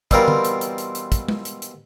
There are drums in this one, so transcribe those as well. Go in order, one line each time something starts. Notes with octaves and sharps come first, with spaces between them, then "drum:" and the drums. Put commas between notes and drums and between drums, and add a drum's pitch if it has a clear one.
B2 E3 G3 C4 F4 A#4, drum: kick, hi-hat
drum: tom D3
drum: hi-hat
drum: hi-hat
drum: hi-hat
drum: hi-hat
drum: kick, hi-hat
drum: tom G#3
drum: hi-hat
drum: hi-hat